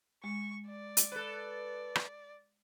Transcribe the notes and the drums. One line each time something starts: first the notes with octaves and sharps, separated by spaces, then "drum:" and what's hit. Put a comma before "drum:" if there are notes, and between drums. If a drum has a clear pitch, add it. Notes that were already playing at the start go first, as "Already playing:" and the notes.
G#3 C#6
D5
drum: hi-hat
A4 B4
drum: rim click